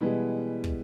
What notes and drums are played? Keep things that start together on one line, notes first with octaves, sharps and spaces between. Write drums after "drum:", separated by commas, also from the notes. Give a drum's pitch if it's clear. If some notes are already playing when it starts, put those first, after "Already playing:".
B2 E3 G3 G#3
drum: kick